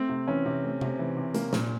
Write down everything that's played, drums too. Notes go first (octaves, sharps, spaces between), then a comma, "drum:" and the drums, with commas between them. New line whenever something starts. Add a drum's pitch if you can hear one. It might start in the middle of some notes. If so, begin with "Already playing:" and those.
Already playing: A3 C4
C3
E3 C#4
C3
A3
C3, drum: tom C3
E3
C3
A#3, drum: hi-hat
A#2, drum: snare